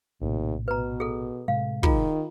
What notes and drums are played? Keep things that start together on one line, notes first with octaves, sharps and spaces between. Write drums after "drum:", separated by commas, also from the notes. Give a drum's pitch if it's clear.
A#1 D#2 A2 C3
B2 B4 A#5
G#4 A4
A2 C3 G#3 F5
D#3 F4 G#4 A#5, drum: kick